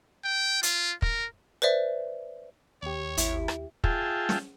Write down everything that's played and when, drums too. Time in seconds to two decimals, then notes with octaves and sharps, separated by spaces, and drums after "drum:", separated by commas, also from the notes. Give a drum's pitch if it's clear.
0.25 G5
0.63 F4, drum: hi-hat
1.02 A#4, drum: kick
1.62 B4 C5 D5 E5
2.82 D#2 G4 C#5
3.17 G#1 E4, drum: hi-hat
3.48 drum: rim click
3.84 F4 G#4 E5 G5 A5, drum: kick
4.29 drum: snare